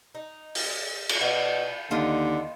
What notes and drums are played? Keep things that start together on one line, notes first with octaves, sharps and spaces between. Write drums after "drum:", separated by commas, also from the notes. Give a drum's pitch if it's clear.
D#4
drum: open hi-hat
drum: cymbal
B2 D5 F5
D#2 D3 F4 D#5